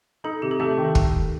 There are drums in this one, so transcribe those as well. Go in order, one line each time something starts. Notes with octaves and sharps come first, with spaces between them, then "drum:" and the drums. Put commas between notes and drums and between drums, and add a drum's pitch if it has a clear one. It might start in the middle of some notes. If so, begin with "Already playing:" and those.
D#4 A4
C3 G4
A4
A3 G4
D#3
drum: kick